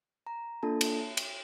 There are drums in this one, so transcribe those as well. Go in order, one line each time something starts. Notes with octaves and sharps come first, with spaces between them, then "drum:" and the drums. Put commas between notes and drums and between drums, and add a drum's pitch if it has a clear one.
A#5
A#3 D4 F4 A4 A5
drum: cymbal
drum: cymbal